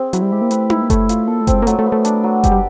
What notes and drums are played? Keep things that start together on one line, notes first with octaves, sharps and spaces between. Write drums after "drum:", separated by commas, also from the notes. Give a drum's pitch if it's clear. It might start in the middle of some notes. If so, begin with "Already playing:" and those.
Already playing: C4 G#4
F#3 E4, drum: hi-hat
G3
G#3 G4
A#3
A3 B4, drum: hi-hat
E4, drum: tom D#4
A#3
A3 C#5, drum: kick F#1, hi-hat
F4, drum: hi-hat
A#3 A4
A3
C4, drum: kick F#1, hi-hat
G#3
A#3
F#3 A3, drum: hi-hat
A3
B3
A3
D4, drum: hi-hat
F#3
G#3 G4, drum: kick F#1, hi-hat
G3